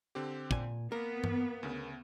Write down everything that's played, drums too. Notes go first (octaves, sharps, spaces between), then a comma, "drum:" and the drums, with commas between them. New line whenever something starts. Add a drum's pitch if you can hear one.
D3 C4 G4
A#2 G#5, drum: kick
A#3 B3 A#4
drum: tom G2
D2 C#3